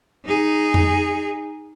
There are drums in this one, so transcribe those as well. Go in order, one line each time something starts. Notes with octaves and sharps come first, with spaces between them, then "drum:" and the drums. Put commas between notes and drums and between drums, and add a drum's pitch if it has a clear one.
D#4 G#4
drum: tom F2